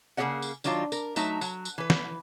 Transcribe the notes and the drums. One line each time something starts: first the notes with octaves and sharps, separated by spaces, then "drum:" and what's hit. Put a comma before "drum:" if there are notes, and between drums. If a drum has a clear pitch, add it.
C#3 A#3 G4 G#4 D#5 F#5
drum: tambourine
D#3 F#3 D4 D#4 F4, drum: tambourine
A#4, drum: tambourine
F#3 A3 D#4 E5, drum: tambourine
F#3, drum: tambourine
drum: tambourine
E3 B4
drum: snare